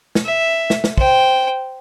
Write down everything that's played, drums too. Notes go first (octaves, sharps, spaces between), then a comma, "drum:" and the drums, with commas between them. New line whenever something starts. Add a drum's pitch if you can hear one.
drum: snare
E5
drum: snare
drum: snare
C5 G5, drum: kick